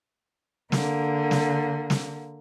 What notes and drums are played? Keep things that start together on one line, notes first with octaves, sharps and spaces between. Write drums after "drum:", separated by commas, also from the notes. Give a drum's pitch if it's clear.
D3 A#3, drum: snare
drum: snare
drum: snare